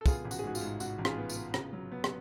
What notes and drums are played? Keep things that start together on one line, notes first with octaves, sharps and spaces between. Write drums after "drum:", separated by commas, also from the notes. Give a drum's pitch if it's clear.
A4
B3 F4 G#4, drum: kick, tambourine
A1
F#4, drum: tambourine
G#4
G#2 F#4
F4, drum: tambourine
G#2
G#2 F#4, drum: tambourine
A1
F4 G#4, drum: rim click
B3
F4, drum: tambourine
B3
C#3, drum: rim click
F#3
B3
drum: rim click